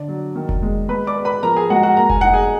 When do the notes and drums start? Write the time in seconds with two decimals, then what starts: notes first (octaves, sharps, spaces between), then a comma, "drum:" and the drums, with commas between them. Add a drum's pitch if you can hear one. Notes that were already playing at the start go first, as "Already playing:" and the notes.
Already playing: D3 D5
0.08 F#3
0.36 D#3
0.49 drum: kick F1
0.63 G#3
0.89 G#3 B4 B5
1.07 D5 D6
1.16 B3
1.25 B4 B5
1.43 F3 A#4 A#5
1.56 G#4 G#5
1.70 G#3 F#4 F#5
1.83 F#4 F#5
1.97 A#3 A#5
2.09 G#5, drum: kick F1
2.21 D#4 F#5
2.33 G#4 G#5